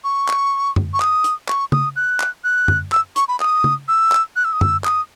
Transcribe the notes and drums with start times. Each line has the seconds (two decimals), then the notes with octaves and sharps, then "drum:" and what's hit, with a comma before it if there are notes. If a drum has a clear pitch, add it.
0.04 C#6
0.28 drum: clap
0.76 drum: tom F#2
0.94 C#6
1.00 D#6, drum: clap
1.24 drum: hi-hat
1.48 C#6, drum: clap
1.72 D#6, drum: tom C#3
1.96 F#6
2.20 drum: clap
2.44 F#6
2.68 drum: tom F#2
2.92 E6, drum: clap
3.16 C#6, drum: hi-hat
3.28 B5
3.40 D#6, drum: clap
3.64 drum: tom C#3
3.88 E6
4.12 drum: clap
4.36 F#6
4.45 E6
4.53 D#6
4.61 E6, drum: tom F#2
4.84 D#6, drum: clap